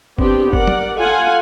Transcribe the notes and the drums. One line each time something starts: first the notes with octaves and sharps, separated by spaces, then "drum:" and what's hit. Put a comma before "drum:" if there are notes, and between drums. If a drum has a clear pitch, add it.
B3 C4 D4 G4, drum: kick F#1
A#4 D5 F#5, drum: kick F#1
drum: tom F#3
F4 A4 F5 F#5 G#5